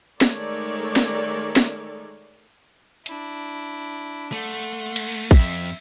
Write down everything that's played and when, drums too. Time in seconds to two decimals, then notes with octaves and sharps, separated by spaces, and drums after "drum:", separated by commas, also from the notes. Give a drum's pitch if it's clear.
0.21 D#3 G#3 A3 A4 C#5 D5, drum: snare
0.96 drum: snare
1.56 drum: snare
3.06 D4 E4, drum: hi-hat
4.32 A3 F#5 C6
4.96 drum: cymbal
5.31 F2 E5, drum: kick